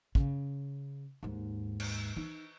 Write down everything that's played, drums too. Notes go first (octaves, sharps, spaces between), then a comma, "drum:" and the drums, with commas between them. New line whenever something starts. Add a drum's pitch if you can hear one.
C#3, drum: kick
D#2 G#2
drum: cymbal
D#4, drum: tom